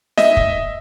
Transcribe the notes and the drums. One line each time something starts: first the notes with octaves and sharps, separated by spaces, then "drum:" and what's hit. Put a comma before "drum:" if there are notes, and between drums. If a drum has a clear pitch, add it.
D#5 E5, drum: snare
drum: kick